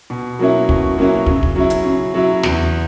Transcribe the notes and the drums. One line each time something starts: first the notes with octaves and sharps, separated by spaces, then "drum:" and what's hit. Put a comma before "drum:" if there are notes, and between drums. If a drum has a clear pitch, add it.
B2
F#3 A#3 C#4 E4
B2, drum: kick
F#3 A#3 C#4 E4
C#3, drum: kick
drum: kick
F#3 C#4 E4
drum: hi-hat
C#3
F#3 C#4 E4
E2, drum: snare